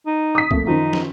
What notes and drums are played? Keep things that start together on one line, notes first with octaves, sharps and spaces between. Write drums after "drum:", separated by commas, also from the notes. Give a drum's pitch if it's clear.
D#4
D#6 B6
F2 A3 A#3, drum: kick
F#2 D#3 F3 D#4
drum: snare